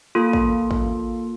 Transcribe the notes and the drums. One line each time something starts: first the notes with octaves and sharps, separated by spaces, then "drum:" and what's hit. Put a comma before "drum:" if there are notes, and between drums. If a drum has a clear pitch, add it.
A#3 F4 A4
drum: kick A1
drum: kick A1